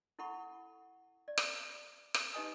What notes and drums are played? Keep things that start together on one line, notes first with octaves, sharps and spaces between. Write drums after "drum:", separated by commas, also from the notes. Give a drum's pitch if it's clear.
E4 A4 F#5 B5 C#6
D5
drum: rim click
drum: rim click
D#4 G4 B4 D#5 G#5 D#6